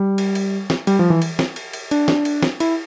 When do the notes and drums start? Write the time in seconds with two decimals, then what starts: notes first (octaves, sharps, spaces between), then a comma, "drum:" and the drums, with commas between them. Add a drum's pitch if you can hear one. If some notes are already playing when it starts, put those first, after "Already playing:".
Already playing: G3
0.18 drum: cymbal
0.35 drum: cymbal
0.70 drum: snare
0.87 G3, drum: cymbal
0.99 F3
1.10 E3
1.22 drum: cymbal
1.39 drum: snare
1.56 drum: cymbal
1.73 drum: cymbal
1.91 D4, drum: cymbal
2.08 drum: snare
2.25 drum: cymbal
2.42 drum: snare
2.60 E4, drum: cymbal